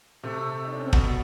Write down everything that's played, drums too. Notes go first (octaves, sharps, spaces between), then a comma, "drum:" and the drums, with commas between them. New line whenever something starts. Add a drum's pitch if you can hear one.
C3 A3 C4
D#4
D4
C#4
C4
B2 B3, drum: kick